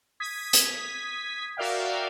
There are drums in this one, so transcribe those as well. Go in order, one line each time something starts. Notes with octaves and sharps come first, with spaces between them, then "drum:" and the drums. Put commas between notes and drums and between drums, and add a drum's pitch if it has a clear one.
D#6 G#6 B6
drum: hi-hat
F#4 A#4 D5 E5 F5 G5